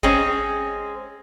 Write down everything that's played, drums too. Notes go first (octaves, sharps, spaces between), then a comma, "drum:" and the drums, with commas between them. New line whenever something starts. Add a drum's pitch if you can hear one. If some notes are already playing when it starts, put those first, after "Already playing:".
G#3 C4 C#4, drum: kick G#1